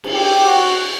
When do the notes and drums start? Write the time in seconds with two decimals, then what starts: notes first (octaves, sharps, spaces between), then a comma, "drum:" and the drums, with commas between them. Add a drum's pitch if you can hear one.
0.04 drum: cymbal
0.13 G4
0.46 F#4